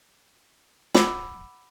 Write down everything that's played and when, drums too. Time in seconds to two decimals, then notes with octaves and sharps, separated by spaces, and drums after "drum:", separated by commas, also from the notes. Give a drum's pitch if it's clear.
0.95 F#5 B5 D6 E6, drum: snare